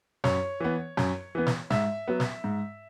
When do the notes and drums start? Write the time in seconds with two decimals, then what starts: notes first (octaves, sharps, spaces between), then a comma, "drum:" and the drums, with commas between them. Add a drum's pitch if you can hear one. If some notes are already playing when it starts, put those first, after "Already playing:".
0.24 F#2 C#5, drum: snare
0.60 E3 B3
0.97 F#2, drum: snare
1.35 E3 B3
1.46 drum: snare
1.70 G#2 E5, drum: snare
2.08 F#3 B3
2.20 drum: snare
2.44 G#2